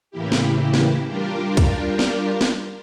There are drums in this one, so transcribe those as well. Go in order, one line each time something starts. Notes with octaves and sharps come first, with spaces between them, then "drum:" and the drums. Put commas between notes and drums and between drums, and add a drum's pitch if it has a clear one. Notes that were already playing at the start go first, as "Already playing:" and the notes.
A2 C#3 E3 A#3 E4 G4
drum: snare
drum: snare
G3 D4 F4 G4 A#4
drum: kick, hi-hat
drum: snare
drum: snare